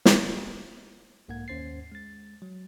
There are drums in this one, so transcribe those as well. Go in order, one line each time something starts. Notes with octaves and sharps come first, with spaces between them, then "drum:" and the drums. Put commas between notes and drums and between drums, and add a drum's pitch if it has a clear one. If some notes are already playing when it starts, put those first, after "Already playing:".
drum: snare
B1 G#2 A#3 F#5 G#6
D#2 C#4 C5 A6 C7
G#3 A6
F#3